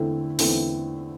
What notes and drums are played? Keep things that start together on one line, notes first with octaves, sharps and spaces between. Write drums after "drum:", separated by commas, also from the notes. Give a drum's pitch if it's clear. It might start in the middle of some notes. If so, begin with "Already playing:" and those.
Already playing: E2 D3 A3 C4 E4
E2 D3 A3 C4 E4, drum: open hi-hat